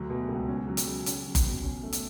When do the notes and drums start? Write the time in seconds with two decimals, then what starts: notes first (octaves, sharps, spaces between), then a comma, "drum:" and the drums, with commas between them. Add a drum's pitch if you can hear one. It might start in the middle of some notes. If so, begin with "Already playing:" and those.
Already playing: D2 F#3
0.10 B2
0.28 C#2
0.48 C#4
0.68 F#3
0.77 drum: hi-hat
0.86 C#3
1.06 C#4, drum: hi-hat
1.26 F#3
1.35 drum: kick F#1, hi-hat
1.44 B2
1.64 C#4
1.83 A3
1.93 drum: hi-hat